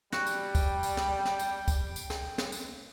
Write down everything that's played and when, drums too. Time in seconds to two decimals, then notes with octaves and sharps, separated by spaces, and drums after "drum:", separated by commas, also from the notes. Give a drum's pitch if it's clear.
0.12 G3 F#4 G5, drum: snare
0.27 drum: tambourine
0.55 drum: kick, tambourine
0.83 drum: tambourine
0.97 drum: snare
1.25 drum: snare
1.39 drum: tambourine
1.68 drum: kick, tambourine
1.96 drum: tambourine
2.10 drum: snare
2.38 drum: snare
2.52 drum: tambourine